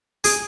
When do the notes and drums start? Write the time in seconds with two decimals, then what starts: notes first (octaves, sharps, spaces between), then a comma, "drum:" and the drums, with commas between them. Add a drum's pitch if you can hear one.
0.24 G#4, drum: open hi-hat